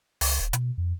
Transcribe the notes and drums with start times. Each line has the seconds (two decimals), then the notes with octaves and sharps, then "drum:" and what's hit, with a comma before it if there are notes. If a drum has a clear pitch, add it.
0.21 C#2, drum: open hi-hat
0.40 D#1
0.53 B2, drum: hi-hat
0.78 F2